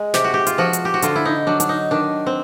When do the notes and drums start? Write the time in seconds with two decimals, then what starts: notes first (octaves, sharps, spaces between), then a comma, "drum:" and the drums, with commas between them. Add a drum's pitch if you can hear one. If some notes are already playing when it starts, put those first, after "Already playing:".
Already playing: G#3
0.14 C3 G4, drum: snare
0.24 F#4
0.34 G4
0.47 F4, drum: hi-hat
0.58 F3 F#4
0.73 drum: hi-hat
0.85 G4
0.94 F#4
1.02 D3 F4, drum: hi-hat
1.16 E4
1.25 D#4
1.47 F#3 D4
1.60 D4, drum: hi-hat
1.69 D#4
1.91 D#3 D4
2.26 C4